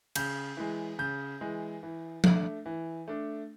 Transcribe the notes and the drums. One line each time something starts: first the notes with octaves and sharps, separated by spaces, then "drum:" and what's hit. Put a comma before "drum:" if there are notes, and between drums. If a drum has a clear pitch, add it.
C#3 G6, drum: cymbal
E3 G#3
C#3 G6
E3 G#3
E3
A3 D4, drum: tom F3
E3
A3 D4